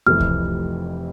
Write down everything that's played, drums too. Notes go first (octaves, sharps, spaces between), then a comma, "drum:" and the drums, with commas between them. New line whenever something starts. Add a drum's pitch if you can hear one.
F1 F2 C3 E3 A3 F6
drum: kick C2